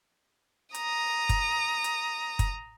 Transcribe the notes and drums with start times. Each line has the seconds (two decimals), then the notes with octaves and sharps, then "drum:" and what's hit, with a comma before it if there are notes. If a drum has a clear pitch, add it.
0.74 A#5 D#6, drum: hi-hat
1.29 drum: kick F#1, hi-hat
1.84 drum: hi-hat
2.39 drum: kick F#1, hi-hat